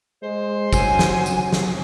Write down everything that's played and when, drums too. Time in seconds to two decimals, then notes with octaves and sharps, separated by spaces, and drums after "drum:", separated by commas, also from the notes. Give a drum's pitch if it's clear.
0.23 G#3 C5
0.73 F#3 G#5, drum: kick, tambourine
0.99 drum: snare
1.26 drum: tambourine
1.53 drum: snare